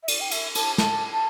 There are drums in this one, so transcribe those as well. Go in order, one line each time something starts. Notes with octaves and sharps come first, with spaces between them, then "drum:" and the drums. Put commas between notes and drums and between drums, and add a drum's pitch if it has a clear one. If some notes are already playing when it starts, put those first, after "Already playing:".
E5
D5, drum: cymbal
G5
E5, drum: cymbal
A5, drum: cymbal
A5, drum: snare
A5